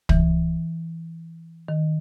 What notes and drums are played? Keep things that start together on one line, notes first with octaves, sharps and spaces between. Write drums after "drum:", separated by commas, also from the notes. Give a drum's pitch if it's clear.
E3, drum: kick
D#3